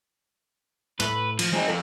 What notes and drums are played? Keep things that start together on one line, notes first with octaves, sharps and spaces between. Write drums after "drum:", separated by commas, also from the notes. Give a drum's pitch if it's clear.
A2 A3 B4, drum: hi-hat
F3, drum: cymbal
G#3 C4 D#4 G5
F2 F4 A4 A#4